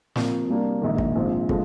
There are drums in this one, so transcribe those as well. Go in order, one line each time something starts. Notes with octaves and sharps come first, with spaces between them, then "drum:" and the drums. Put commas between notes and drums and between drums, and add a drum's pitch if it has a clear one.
C3 F3 A#3, drum: snare
C3 G3 A#3 D4
A#1 G#2 D#3
drum: kick
A#1 G#2 F3 C4
D3 F3 G#3, drum: kick